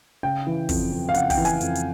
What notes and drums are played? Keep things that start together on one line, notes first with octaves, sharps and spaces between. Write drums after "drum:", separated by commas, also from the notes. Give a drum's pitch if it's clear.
C#3 G5
E3
F2, drum: kick, open hi-hat
F2
F5
C#3 F#5, drum: hi-hat
G5, drum: kick, open hi-hat
E3
G#5, drum: hi-hat
F2, drum: hi-hat
drum: hi-hat